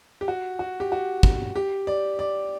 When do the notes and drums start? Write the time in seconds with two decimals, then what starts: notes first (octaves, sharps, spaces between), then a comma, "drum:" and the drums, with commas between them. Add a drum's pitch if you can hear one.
0.21 G4
0.28 F#4
0.59 F#4
0.80 G4
0.92 F#4
1.23 drum: kick
1.56 G4
1.87 D5
2.19 D5